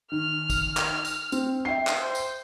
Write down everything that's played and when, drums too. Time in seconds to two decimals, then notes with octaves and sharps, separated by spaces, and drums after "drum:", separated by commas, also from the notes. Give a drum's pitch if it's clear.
0.12 D#3 F6
0.50 drum: kick, tambourine
0.77 drum: clap
1.05 drum: tambourine
1.32 C4, drum: tambourine
1.65 E5 G5 C7
1.87 drum: clap
2.00 C5
2.15 drum: tambourine